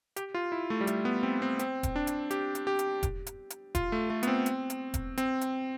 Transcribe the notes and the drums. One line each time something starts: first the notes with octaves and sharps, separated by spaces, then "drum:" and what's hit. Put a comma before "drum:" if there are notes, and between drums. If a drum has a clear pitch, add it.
G4, drum: hi-hat
F4
E4
A3
G3
A3, drum: hi-hat
B3
C4
C4
C4, drum: hi-hat
drum: kick E1, hi-hat
D4
drum: hi-hat
G4, drum: hi-hat
drum: hi-hat
G4
drum: hi-hat
drum: kick E1, hi-hat
drum: hi-hat
drum: hi-hat
F4, drum: kick E1, hi-hat
A3
A3
B3, drum: hi-hat
C4
drum: hi-hat
drum: hi-hat
drum: kick E1, hi-hat
C4, drum: hi-hat
drum: hi-hat